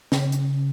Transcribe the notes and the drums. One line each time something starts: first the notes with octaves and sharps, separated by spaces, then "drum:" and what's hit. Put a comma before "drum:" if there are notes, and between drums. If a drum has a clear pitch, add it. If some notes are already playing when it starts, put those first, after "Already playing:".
C#3, drum: snare
drum: hi-hat